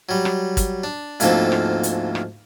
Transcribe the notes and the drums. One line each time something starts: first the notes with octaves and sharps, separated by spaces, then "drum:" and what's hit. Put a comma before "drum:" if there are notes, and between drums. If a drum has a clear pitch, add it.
F#3 G3
drum: rim click
drum: kick, hi-hat
D4
D2 G#2 F3 A#3 C4 A4, drum: hi-hat
drum: rim click
drum: hi-hat
drum: rim click